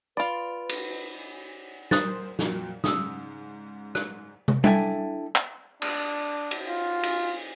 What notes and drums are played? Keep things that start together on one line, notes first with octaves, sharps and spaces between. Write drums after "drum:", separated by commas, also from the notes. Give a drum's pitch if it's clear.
F4 B4 D5 B5 D7 F7
drum: cymbal
A#4 C5 D#6 F#6 A6, drum: snare
F2 A#2 F#3, drum: snare
G#2 C#3 D#6 E6, drum: snare
F#6, drum: rim click
drum: tom
D4 E4 A4 E5 G5 G#5, drum: tom G3
drum: clap
D4, drum: cymbal
drum: cymbal
F4
drum: cymbal